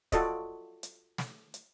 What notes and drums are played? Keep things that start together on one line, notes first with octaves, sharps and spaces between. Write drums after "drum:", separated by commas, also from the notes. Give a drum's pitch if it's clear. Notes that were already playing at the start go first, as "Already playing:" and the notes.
F4 F#4 A4 D5 D#5, drum: kick, hi-hat
drum: hi-hat
drum: snare
drum: hi-hat